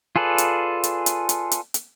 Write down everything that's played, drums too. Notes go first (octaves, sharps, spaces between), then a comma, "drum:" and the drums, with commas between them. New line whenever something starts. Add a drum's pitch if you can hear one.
F4 G#4 A4 B4 D5
drum: hi-hat
drum: hi-hat
drum: hi-hat
drum: hi-hat
drum: hi-hat
drum: hi-hat